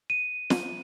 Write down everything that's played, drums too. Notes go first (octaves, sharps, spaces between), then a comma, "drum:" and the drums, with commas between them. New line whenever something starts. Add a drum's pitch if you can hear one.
D#7
drum: snare